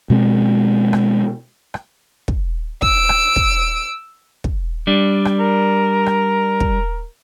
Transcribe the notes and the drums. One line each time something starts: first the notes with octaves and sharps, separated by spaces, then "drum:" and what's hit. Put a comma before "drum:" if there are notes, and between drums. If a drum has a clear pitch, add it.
B2 G#3 C4
drum: rim click
drum: rim click
drum: kick
E6 D7, drum: kick
drum: rim click
drum: kick
drum: kick
G3 D4
drum: rim click
A#4
drum: rim click
drum: kick